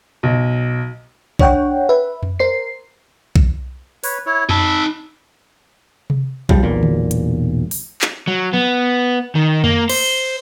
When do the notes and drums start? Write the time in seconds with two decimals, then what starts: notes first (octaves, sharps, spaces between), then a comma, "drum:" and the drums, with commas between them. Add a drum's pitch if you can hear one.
0.23 B1
1.39 D4 C#5 F#5 G5, drum: kick B1
1.89 B4 E5
2.23 drum: tom F2
2.39 A#4 C5 C7
3.36 drum: kick B1
4.04 B4 C#5, drum: open hi-hat
4.26 E4 C#5
4.49 D#4 A5 B5 E6, drum: tom F2
6.10 drum: tom C3
6.49 C#2 F3 G3, drum: kick B1
6.63 E1 B1 A#2
6.83 drum: tom D3
7.11 drum: hi-hat
7.71 drum: open hi-hat
8.01 drum: clap
8.27 F#3
8.53 B3
9.35 D#3
9.64 A#3, drum: tom F2
9.90 C5, drum: cymbal